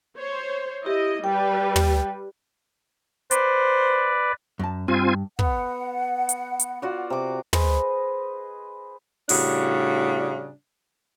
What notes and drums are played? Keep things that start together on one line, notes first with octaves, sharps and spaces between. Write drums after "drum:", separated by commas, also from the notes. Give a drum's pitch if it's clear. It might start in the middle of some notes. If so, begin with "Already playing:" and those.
C5 C#5
E4 G4 D#5
G3 B4 G5
drum: tom
B4 C5 D5, drum: hi-hat
F#2 A5
G2 C4 F4 G#5
B3 F#5, drum: kick
drum: hi-hat
drum: hi-hat
F4 F#4 D5
C3 D6
G#4 B4 C5 D#5, drum: tom
A2 C#3 G3 D4 F#4, drum: open hi-hat